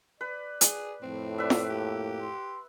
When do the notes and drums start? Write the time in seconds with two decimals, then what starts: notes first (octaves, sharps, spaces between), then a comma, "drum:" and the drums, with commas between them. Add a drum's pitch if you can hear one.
0.21 B4 D5
0.61 G#4, drum: hi-hat
1.03 F2 A2 C4
1.38 B4 D5 E5
1.50 drum: snare
1.69 A#3 G4
2.22 C6